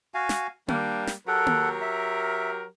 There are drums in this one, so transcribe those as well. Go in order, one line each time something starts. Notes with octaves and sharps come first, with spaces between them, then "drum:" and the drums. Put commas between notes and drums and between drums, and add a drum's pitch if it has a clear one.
F#4 F5 G#5
drum: snare
G3 A#3 D4, drum: tom A#3
drum: snare
F#3 G4 A4 A#4 F#5
drum: tom A#3
E5